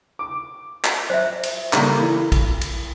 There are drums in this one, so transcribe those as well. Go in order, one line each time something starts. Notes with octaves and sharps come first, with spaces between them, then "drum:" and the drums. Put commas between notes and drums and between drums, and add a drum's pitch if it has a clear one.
D6
drum: clap
C5 E5
drum: cymbal
C#3 G3 A#3 A4 A#5, drum: clap
E3
drum: kick A#1, cymbal
drum: cymbal